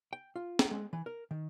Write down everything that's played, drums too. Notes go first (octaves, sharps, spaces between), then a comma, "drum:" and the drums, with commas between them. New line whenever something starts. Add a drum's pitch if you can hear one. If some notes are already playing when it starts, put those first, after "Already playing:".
G5
F4
A#5, drum: snare
G#3
E3
A#4
D#3